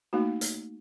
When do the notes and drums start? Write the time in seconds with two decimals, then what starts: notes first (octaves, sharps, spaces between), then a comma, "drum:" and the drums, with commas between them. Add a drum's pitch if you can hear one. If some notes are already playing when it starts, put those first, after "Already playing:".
0.13 A3 A#3 D#4 F#4
0.41 drum: hi-hat